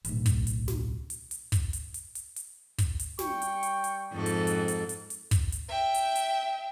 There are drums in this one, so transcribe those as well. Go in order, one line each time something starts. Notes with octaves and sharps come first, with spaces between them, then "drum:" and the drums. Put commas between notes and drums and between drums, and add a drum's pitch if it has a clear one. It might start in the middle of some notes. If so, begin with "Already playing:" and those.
D1 B1, drum: hi-hat
drum: kick, hi-hat
drum: hi-hat
drum: snare
drum: hi-hat
drum: hi-hat
drum: kick, hi-hat
drum: hi-hat
drum: hi-hat
drum: hi-hat
drum: hi-hat
drum: kick, hi-hat
drum: hi-hat
G3 G5 C#6, drum: snare
drum: hi-hat
drum: hi-hat
drum: hi-hat
F2 G#2 A4
drum: hi-hat
drum: hi-hat
drum: hi-hat
drum: hi-hat
drum: hi-hat
drum: kick, hi-hat
drum: hi-hat
E5 G5
drum: hi-hat
drum: hi-hat